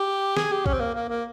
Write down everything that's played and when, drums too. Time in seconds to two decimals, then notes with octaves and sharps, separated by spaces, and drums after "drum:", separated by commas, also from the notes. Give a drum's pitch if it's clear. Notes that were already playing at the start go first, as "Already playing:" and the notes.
Already playing: G4
0.37 G#4, drum: snare
0.52 G4
0.66 C#4, drum: kick A#1
0.73 C4
0.80 A#3
0.95 A#3
1.09 A#3